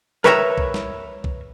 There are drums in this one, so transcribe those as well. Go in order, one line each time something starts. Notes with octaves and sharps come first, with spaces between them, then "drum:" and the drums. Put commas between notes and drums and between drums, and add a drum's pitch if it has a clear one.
A#4 B4 C#5 E5 F#5 A#5, drum: snare
drum: kick
drum: snare
drum: kick